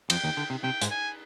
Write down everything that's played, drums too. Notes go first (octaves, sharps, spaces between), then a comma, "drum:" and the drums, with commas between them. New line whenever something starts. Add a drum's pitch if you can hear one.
F2 F3 G5, drum: cymbal
D#2 D#3
D3
C3
C3 G5
G#2 G#3, drum: hi-hat
G#5